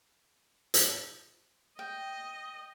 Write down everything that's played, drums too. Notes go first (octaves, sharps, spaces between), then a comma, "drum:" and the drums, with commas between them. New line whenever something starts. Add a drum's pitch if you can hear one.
drum: hi-hat
D#5 G5